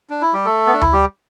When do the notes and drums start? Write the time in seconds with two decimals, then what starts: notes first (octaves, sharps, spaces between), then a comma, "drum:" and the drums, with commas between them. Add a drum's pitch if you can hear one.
0.10 D4
0.22 E4
0.34 G3 G4
0.45 A3 A4
0.66 B3
0.74 D4
0.81 E4, drum: tom D2
0.93 G3 G4